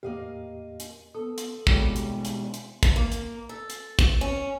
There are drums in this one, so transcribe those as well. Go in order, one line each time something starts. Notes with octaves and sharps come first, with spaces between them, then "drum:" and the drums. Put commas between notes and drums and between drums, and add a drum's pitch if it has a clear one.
E2 A2 A#3 G4 D#5 F5
drum: hi-hat
B3 A4 D#6
drum: hi-hat
D#2 B2 G3 G#3 F#4 C#5, drum: kick
drum: hi-hat
drum: hi-hat
drum: hi-hat
drum: kick, hi-hat
A#3
drum: hi-hat
A4
drum: hi-hat
drum: kick, hi-hat
C#4